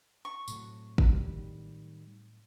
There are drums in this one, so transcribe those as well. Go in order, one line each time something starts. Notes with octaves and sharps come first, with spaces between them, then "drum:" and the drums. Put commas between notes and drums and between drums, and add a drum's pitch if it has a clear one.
C#6
A2 C3 F#3, drum: tambourine
drum: kick G#1
D#3 G3